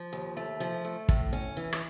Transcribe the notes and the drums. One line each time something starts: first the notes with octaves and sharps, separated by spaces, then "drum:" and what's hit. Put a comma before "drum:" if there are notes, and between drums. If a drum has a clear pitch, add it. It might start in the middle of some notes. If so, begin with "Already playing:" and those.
Already playing: F3
D#2
A3
F3
A3
A2, drum: kick
C#4
E3
drum: rim click